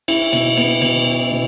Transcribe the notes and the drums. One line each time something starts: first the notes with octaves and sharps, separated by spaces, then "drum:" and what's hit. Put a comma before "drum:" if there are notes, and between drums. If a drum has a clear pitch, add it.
E4, drum: cymbal
B2, drum: cymbal
B3, drum: cymbal
B2, drum: cymbal
E4
B2